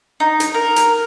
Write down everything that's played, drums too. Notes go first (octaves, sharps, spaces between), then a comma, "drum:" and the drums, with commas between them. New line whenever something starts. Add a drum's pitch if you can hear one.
D#4
drum: hi-hat
A#4
drum: hi-hat